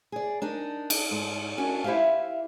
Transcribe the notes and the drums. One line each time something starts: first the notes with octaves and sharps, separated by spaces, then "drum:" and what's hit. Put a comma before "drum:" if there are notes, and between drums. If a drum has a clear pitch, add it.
G#4 D5
D4 D#4 A#4
drum: cymbal
G#2
C#4 D4 F#4 A#4
E4 G4 C5 E5 F5